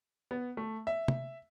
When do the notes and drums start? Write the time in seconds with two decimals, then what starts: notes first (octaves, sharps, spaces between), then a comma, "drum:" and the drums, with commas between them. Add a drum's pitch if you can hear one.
0.31 B3
0.57 A3
0.87 E5
1.08 drum: tom